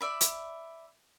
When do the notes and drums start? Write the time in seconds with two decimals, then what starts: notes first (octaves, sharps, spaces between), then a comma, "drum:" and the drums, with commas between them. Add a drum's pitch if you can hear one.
0.01 D5 E5 B5
0.21 drum: hi-hat